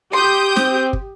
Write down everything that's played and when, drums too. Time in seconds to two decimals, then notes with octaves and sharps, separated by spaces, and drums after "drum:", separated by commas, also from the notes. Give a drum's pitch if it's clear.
0.13 G4 C6 D#6 G6
0.56 C4, drum: snare
0.93 drum: kick